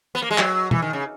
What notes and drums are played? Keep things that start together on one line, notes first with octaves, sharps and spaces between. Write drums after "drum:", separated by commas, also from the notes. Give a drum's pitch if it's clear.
B3
A#3
G#3
F#3, drum: clap
E3, drum: tom
D#3
C#3